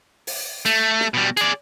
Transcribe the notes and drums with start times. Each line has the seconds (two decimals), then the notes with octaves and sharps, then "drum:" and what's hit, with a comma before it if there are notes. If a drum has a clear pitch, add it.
0.27 drum: open hi-hat
0.65 A3, drum: hi-hat
1.00 drum: snare
1.14 B2 G3
1.37 G#4 D5, drum: hi-hat